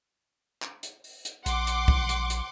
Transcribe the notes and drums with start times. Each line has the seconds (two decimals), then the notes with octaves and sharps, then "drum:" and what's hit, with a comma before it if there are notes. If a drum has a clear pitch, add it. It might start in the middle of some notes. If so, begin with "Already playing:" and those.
0.62 drum: clap
0.83 drum: hi-hat
1.04 drum: open hi-hat
1.25 drum: hi-hat
1.46 A#1 F#5 C6 D6, drum: hi-hat
1.67 drum: hi-hat
1.88 drum: kick
2.09 drum: hi-hat
2.30 drum: hi-hat